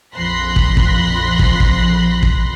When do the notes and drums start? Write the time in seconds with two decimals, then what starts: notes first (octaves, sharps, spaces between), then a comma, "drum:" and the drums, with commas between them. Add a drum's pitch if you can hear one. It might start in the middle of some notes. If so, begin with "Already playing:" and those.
0.14 A#1 F2 B5 C6 F#6 A#6
0.56 drum: kick
0.77 drum: kick
1.39 drum: kick
1.60 drum: kick
2.22 drum: kick